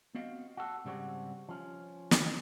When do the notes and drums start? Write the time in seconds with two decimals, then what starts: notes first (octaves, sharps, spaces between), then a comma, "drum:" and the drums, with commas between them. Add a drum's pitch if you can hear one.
0.15 B3 C4 F#4 D#5 F5
0.57 F#4 A4
0.85 G#2 C#3 G3 C4 F#4
1.49 F3 C#4
2.11 drum: snare